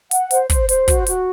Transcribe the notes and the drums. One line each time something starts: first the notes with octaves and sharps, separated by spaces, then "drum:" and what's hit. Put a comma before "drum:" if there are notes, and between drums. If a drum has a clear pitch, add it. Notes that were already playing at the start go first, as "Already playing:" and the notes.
F#5, drum: hi-hat
C5, drum: hi-hat
C5, drum: kick, hi-hat
C5, drum: hi-hat
F#4, drum: kick, hi-hat
F#4, drum: hi-hat